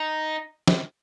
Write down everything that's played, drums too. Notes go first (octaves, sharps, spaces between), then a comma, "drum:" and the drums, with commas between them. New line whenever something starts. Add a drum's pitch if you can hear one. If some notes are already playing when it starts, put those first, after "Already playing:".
Already playing: D#4
drum: snare